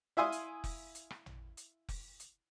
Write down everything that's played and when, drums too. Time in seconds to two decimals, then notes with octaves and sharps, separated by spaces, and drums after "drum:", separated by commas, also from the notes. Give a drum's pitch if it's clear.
0.17 E4 E5 F5 G#5 C6 D#6
0.32 drum: hi-hat
0.64 drum: kick F1, open hi-hat
0.95 drum: hi-hat
1.10 drum: rim click
1.26 drum: tom A1
1.57 drum: hi-hat
1.89 drum: kick F1, open hi-hat
2.20 drum: hi-hat